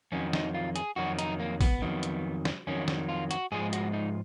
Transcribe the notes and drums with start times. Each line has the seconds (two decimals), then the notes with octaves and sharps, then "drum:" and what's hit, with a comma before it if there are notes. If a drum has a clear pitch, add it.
0.12 F2 D#3 F#3 C#4
0.33 D#4, drum: snare
0.54 F4
0.76 G#4, drum: hi-hat
0.96 F2 D#3 F#3 F#4
1.19 D#4, drum: hi-hat
1.40 A#3
1.61 B3, drum: kick, open hi-hat
1.82 F2 D#3 F#3
2.03 drum: hi-hat
2.45 drum: snare
2.67 F2 D#3 F#3 C#4
2.88 drum: snare
3.09 F4
3.31 F#4, drum: hi-hat
3.52 G#2 F3 G#3 G#4
3.73 F#4, drum: hi-hat
3.93 D#4